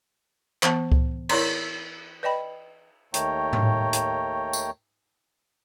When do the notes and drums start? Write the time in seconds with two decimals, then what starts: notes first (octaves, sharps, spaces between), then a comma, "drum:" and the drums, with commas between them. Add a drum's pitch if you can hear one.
0.63 E3 B3 A5, drum: clap
0.92 drum: kick C#2
1.29 E4 A#4 C#5 D5 A#5 C6, drum: cymbal
2.23 B4 D5 D#5 G5 B5
3.14 D#2 D#3 A3 C#5 G5 A#5, drum: hi-hat
3.53 drum: tom G#2
3.93 drum: hi-hat
4.53 drum: tambourine